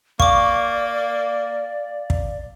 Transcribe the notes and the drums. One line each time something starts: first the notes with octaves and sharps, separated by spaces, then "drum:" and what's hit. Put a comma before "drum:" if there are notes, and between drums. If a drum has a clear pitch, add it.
A#3 D5 F5 C#6 D6, drum: kick
drum: kick